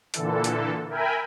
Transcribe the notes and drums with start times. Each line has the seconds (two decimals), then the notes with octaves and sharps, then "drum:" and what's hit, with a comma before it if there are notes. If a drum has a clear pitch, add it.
0.14 A#2 D3 E3 A4, drum: hi-hat
0.44 drum: hi-hat
0.89 A#4 E5 G5 G#5 B5